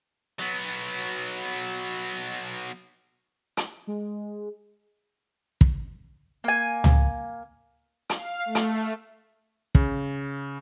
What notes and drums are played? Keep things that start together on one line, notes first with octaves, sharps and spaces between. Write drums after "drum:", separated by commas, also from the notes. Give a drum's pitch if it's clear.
F#3 B3
drum: hi-hat
G#3
drum: kick
A#3 G#5
drum: tom C#2
F5, drum: hi-hat
A3
drum: hi-hat
C#3, drum: kick